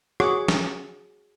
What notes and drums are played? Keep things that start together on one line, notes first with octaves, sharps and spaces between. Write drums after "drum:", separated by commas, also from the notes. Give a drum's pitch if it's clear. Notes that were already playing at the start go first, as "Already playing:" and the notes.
F#4 G#4 C#5 F#5 D6, drum: rim click
drum: snare